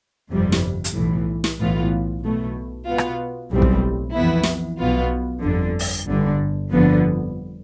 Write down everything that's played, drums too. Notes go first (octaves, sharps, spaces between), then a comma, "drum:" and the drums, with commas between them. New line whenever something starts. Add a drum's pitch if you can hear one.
G1 F2 C3 G3
drum: snare
drum: hi-hat
B1 A2 E3
drum: snare
B1 A2 E3 B3 F4
B1 B2 A3
B2 B3 F4
drum: rim click
B1 A2 E3 G3 C4
drum: kick
F2 E3 B3 E4
drum: snare
B1 B2 B3 F4
G1 F2 D3
drum: open hi-hat
G1 G2 D3
G1 F2 D3 F3 B3